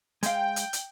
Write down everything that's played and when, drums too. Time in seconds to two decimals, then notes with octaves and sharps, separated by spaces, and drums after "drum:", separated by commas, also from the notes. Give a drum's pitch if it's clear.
0.23 G#3 F5 G5, drum: hi-hat
0.56 drum: hi-hat
0.73 drum: hi-hat